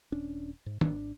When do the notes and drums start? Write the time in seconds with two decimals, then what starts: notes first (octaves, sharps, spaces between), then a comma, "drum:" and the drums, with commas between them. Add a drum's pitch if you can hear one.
0.12 D#1 C#4 D4
0.66 G#2
0.81 G#1 D4, drum: tom